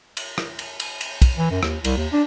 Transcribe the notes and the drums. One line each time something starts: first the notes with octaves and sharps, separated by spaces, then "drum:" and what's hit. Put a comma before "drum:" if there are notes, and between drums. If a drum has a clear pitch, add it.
drum: cymbal
drum: rim click
drum: cymbal
drum: cymbal
drum: cymbal
drum: kick, cymbal
E3
F#2
D#2, drum: rim click
C2, drum: cymbal
D#2
D4